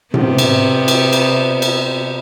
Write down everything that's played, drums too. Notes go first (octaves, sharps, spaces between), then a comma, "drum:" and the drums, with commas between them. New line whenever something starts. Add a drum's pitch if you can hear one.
C3 B3, drum: tom A2
drum: cymbal
drum: cymbal
drum: cymbal
drum: cymbal